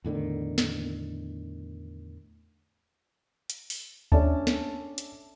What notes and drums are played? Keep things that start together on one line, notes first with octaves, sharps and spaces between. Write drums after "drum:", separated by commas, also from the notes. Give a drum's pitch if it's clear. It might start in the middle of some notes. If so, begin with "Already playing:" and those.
E2 A2 D3 D#3
drum: snare
drum: hi-hat
drum: open hi-hat
C#4 D4 A4 D5 E5 A5, drum: kick D2
drum: snare
drum: hi-hat